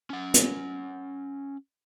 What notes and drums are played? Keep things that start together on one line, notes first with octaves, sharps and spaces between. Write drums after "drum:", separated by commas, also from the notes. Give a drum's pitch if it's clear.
C#4 F#5
drum: hi-hat